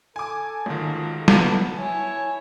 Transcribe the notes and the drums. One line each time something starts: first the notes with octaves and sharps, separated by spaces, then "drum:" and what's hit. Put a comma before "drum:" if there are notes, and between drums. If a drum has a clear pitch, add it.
A4 G#5 D6
C#2 G#2 D#3 F#4
B3 A5, drum: snare
E4 C#5 G#5